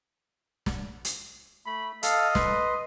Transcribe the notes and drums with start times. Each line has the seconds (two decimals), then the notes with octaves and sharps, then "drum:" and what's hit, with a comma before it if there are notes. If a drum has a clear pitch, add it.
0.66 drum: snare
1.05 drum: hi-hat
1.66 A3 B5
2.03 A4 D#5 F5, drum: hi-hat
2.35 B4 C6, drum: snare